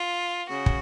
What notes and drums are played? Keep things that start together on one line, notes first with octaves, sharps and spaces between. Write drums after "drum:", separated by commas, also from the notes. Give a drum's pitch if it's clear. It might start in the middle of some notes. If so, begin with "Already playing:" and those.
Already playing: F4
C#3 F#4
drum: kick